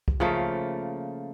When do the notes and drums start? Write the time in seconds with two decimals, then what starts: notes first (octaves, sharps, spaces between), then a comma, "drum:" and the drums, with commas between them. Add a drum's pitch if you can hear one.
0.08 drum: kick
0.20 C#3 F3 A3 A#3